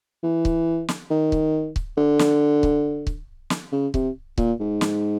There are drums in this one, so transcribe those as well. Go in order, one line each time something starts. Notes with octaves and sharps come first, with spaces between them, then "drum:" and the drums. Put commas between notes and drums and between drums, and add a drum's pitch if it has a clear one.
E3
drum: kick C#1
drum: snare
D#3
drum: kick C#1
drum: kick C#1
D3
drum: snare
drum: kick C#1
drum: kick C#1
drum: snare
C#3
C3, drum: kick C#1
A#2, drum: kick C#1
G#2
drum: snare